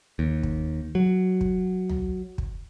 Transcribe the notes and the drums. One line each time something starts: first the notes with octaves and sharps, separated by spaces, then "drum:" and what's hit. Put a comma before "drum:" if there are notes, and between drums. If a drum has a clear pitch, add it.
D#2
drum: kick
F#3
drum: kick
drum: tom
drum: kick